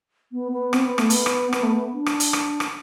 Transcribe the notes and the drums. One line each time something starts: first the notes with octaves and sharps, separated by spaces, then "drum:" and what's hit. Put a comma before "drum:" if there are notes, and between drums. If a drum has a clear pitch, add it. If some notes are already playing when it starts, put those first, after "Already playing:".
B3
B3
C4, drum: rim click
B3
A3, drum: rim click
B3, drum: hi-hat
drum: rim click
B3, drum: rim click
A3
B3
D4
drum: rim click
drum: hi-hat
drum: rim click
drum: rim click